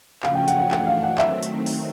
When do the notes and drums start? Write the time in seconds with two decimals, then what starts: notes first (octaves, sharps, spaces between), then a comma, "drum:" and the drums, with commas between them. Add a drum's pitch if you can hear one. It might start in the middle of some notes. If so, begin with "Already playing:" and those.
0.23 C#3 F3 A3 C#4 F5, drum: clap
0.35 G5
0.48 F#5, drum: hi-hat
0.59 F#5
0.71 E3 A3 D4 F#5, drum: clap
0.87 F5
1.03 F#5
1.18 D#3 F#3 A3 C4 E5, drum: clap
1.43 drum: hi-hat
1.66 drum: open hi-hat